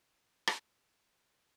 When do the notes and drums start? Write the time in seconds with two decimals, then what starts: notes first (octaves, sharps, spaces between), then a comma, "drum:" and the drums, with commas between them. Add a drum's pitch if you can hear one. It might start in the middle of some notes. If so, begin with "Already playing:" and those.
Already playing: D5
0.47 drum: rim click
0.72 D5